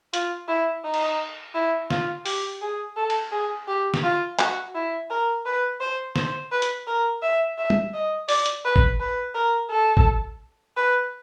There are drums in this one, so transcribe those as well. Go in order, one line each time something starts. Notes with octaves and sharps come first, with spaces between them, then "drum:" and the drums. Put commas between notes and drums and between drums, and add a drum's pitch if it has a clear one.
F4, drum: hi-hat
E4
D#4
drum: cymbal
E4
F4, drum: snare
G4, drum: open hi-hat
G#4
A4
drum: cymbal
G#4
G4
drum: snare
F4
F#4, drum: clap
E4
A#4
B4
C5
C5, drum: snare
B4
drum: hi-hat
A#4
E5
E5
drum: tom
D#5
D5, drum: open hi-hat
drum: hi-hat
B4
drum: kick
B4
A#4
A4
drum: kick
B4